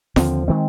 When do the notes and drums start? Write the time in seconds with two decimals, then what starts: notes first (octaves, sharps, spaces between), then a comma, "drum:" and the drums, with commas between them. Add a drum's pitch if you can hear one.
0.16 D#2 D3 F3 C4, drum: snare F4
0.48 D#3 G#3 C4